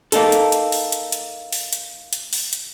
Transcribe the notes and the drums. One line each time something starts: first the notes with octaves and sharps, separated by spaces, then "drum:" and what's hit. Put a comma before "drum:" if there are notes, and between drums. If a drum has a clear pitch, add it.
A#3 D#4 A4, drum: hi-hat
drum: hi-hat
drum: hi-hat
drum: open hi-hat
drum: hi-hat
drum: hi-hat
drum: open hi-hat
drum: hi-hat
drum: hi-hat
drum: open hi-hat
drum: hi-hat